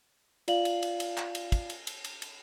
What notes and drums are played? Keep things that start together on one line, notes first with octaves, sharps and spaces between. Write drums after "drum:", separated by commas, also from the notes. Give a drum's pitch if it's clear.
F4 D5 F5 F#7, drum: cymbal
drum: cymbal
drum: cymbal
drum: cymbal
drum: clap
drum: cymbal
drum: kick, cymbal
drum: cymbal
drum: cymbal
drum: cymbal
drum: cymbal